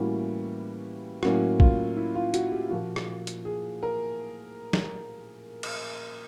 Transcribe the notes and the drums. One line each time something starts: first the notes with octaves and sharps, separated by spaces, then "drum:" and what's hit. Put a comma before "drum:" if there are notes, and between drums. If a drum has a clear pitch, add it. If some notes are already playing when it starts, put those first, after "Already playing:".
Already playing: A2 E3 G3 A#3 C#4 F#4
A2 F#3 A#3 C#4 F#4, drum: rim click
F4, drum: kick
E4
F4
F#4, drum: hi-hat
G4
A#2 F3 A#3 F#4
drum: rim click
drum: hi-hat
G#4
A#4
drum: snare
drum: cymbal